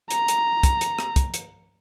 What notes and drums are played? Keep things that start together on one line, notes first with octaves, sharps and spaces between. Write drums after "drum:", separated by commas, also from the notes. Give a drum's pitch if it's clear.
A#5, drum: hi-hat
drum: hi-hat
drum: kick, hi-hat
drum: hi-hat
drum: rim click
drum: kick, hi-hat
drum: hi-hat